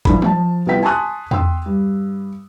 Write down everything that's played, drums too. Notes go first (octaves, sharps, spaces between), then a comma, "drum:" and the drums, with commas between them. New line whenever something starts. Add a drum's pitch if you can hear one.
A#1 E3 D4 B5, drum: kick G#1
F3 A5, drum: tom
C2 B3 E4 F4 G5 B6
G#5 A5 C6 C#6 D#6 F#6
G5 C6 E6, drum: tom E2
G2